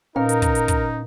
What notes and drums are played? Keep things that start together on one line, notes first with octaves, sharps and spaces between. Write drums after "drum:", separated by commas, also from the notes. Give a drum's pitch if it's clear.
A#2 C#4 D#4 A#4 B4 F5
drum: hi-hat
drum: kick, hi-hat
drum: hi-hat
drum: kick, hi-hat